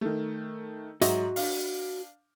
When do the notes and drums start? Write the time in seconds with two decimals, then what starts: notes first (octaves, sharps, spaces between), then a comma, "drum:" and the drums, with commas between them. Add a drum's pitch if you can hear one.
0.01 D#3 A3
1.01 G#2 F#3 F#4 D#5 E5, drum: hi-hat
1.36 D4 F5, drum: open hi-hat